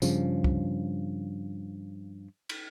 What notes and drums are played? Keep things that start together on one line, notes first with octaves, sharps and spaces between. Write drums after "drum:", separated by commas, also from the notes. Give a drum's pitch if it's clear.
G2 C#3 F3, drum: tambourine
drum: kick C#2
drum: cymbal